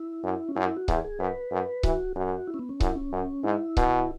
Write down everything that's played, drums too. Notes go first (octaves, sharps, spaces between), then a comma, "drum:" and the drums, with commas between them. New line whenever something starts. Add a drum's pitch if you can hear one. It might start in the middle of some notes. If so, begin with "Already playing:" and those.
Already playing: E4
F#2
C#4
F#2 E4
E4
F#4
E2 G#4, drum: kick C#1
G#4
F#2 B4
F#2
E3 F#4, drum: kick C#1
F#2 F#4
E4
C#4
B3
C#4
F#2 E4, drum: kick C#1
C#4
F#2
G#2 E4
B2, drum: kick C#1